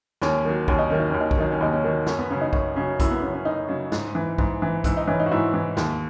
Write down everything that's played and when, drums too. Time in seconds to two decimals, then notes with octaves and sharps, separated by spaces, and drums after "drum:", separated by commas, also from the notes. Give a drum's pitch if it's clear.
0.22 D#2 C#4, drum: snare
0.45 D#3 F#3
0.68 D#2 C#4, drum: kick A#1
0.79 D#4
0.90 D#3 F#3 C#4
1.00 D#4
1.10 D#2 C#4
1.20 D#4
1.31 C#4, drum: kick A#1
1.37 D#3 F#3 D#4
1.52 C#4
1.60 D#2 D#4
1.73 C#4
1.84 D#3 F#3
2.06 F#2 C#4, drum: snare
2.19 B3
2.30 C#3 F#3 C#4
2.41 D#4
2.53 F#2 C#4, drum: kick A#1
2.76 C#3 F#3 C#4
3.00 F#2 E4, drum: kick A#1, hi-hat
3.11 B3
3.22 C#3 F#3 C#4
3.35 C#4
3.45 F#2 D#4
3.69 C#3 F#3
3.92 G#2, drum: snare
4.15 E3
4.38 G#2, drum: kick A#1
4.62 E3
4.84 G#2 E4, drum: kick A#1, hi-hat
4.97 D#4
5.08 E3 C#4
5.20 D#4
5.26 F#4
5.31 G#2 E4
5.54 E3
5.77 D#2, drum: snare